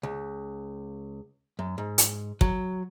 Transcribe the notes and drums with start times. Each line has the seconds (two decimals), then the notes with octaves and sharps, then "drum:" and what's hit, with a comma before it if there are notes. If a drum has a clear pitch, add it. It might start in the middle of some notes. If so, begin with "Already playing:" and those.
0.03 C#2
1.59 F#2
1.78 G#2
1.98 drum: hi-hat
2.41 F#3, drum: kick